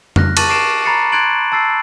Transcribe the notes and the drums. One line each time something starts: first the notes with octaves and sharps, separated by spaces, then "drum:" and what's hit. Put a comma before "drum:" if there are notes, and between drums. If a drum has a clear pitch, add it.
F6 F#6 A#6, drum: tom F2
A5 C#6 D6 A6 D#7 F#7, drum: cymbal
C#6 D6 C7 D7 E7
A#5 B5 A6 C7 C#7
C6 F#6 G#6 A6 D7 F#7
A5 E6 A6 C7